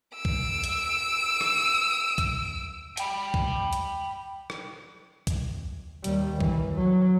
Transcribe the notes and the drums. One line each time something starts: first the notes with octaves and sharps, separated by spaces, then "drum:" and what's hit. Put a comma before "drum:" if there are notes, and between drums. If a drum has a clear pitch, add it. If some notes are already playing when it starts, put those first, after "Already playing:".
E6 D7
drum: kick
drum: hi-hat
drum: rim click
drum: kick, hi-hat
G5 B5, drum: hi-hat
drum: kick
drum: hi-hat
drum: rim click
drum: kick, hi-hat
D#2 G3, drum: hi-hat
E3, drum: kick
F#3